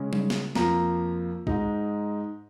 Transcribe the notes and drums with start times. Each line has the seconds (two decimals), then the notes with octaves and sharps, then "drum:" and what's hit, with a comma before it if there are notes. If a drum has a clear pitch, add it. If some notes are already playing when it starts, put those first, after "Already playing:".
Already playing: C#3 G#3 C#4
0.13 drum: tom G3
0.30 drum: snare
0.55 F2 F3 A#3 A#5, drum: snare
1.47 G#2 G#3 D#4, drum: kick